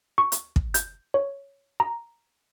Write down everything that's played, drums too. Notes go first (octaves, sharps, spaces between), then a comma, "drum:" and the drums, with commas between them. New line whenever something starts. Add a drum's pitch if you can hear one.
C#6
drum: hi-hat
drum: kick
G6, drum: hi-hat
C#5
A#5